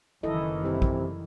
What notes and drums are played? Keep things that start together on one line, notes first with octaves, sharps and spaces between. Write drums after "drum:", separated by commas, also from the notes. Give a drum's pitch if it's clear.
F#1 D#3 E3 E4 A4 D#5
C3 G3 E4
drum: kick